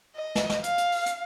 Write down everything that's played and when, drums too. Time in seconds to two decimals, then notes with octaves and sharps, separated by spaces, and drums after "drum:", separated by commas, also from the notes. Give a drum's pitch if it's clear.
0.15 D#5
0.35 drum: snare
0.50 drum: snare
0.64 F5, drum: hi-hat
0.78 drum: hi-hat
0.92 drum: open hi-hat
1.06 drum: hi-hat